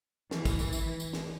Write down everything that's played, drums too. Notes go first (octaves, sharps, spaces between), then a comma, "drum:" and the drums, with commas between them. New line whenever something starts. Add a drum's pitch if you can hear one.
E3, drum: snare
drum: kick, tambourine
drum: tambourine
drum: tambourine
drum: tambourine
drum: snare